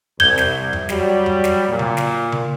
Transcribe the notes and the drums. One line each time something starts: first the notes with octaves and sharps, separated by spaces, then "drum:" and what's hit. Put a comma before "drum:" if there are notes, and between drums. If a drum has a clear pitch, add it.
C2 G6 G#6 G7, drum: tom F2
drum: snare
drum: tom F2
F#3 G3, drum: snare
drum: tom F2
drum: snare
A#2
drum: tom C#3
drum: snare
drum: tom C#3